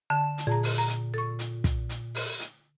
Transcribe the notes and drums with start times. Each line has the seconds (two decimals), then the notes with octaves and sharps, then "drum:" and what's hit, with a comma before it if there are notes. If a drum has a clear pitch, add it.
0.10 D3 A5
0.38 drum: hi-hat
0.47 A#2 G#4 A5 A#5
0.63 drum: open hi-hat
0.78 A#5
0.88 drum: hi-hat
1.14 A4 C#6
1.39 drum: hi-hat
1.64 drum: kick, hi-hat
1.89 drum: hi-hat
2.15 drum: open hi-hat
2.40 drum: hi-hat